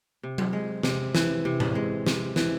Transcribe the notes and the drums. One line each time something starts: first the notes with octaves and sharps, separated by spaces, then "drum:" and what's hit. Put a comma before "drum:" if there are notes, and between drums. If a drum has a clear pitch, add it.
C3
drum: tom F#3
G#3
C3, drum: snare
E3, drum: snare
C3
drum: tom A2
G#3
C3, drum: snare
E3, drum: snare